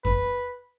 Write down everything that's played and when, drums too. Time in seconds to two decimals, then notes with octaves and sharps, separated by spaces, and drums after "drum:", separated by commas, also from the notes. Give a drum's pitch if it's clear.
0.05 B4, drum: kick F2